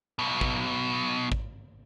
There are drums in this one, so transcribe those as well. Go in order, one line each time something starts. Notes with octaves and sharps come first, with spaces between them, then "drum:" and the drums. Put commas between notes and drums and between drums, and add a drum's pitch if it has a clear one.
B1 B2
drum: kick A1
drum: kick A1